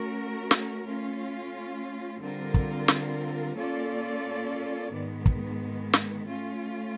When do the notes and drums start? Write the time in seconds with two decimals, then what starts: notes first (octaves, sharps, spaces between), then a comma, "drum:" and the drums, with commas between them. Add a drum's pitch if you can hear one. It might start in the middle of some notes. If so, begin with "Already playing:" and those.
Already playing: A3 C#4 F#4 A#4
0.51 drum: snare
0.85 A3 C#4 F4
2.20 D3 G3 C4 F4 A#4
2.54 drum: kick
2.88 drum: snare
3.56 A#3 C#4 F4 A4 D5
4.91 G#2 D#3 G#3 B3
5.26 drum: kick
5.93 drum: snare
6.27 A3 C#4 F4